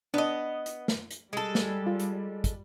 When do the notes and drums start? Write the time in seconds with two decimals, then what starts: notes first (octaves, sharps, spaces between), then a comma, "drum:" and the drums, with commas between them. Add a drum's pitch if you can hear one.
0.14 B3 D4 D#5
0.66 drum: hi-hat
0.88 drum: snare
1.11 drum: hi-hat
1.33 G3 G#3 A4
1.55 drum: snare
1.86 F4
2.00 drum: hi-hat
2.44 drum: kick, hi-hat